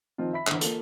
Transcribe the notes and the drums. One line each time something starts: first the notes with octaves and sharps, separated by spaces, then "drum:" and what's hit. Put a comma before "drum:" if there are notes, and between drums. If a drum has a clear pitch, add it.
D#3 F3 C4 D#4 F4
E5 B5 B6
D3 E3, drum: clap
A#3 F4 A4, drum: hi-hat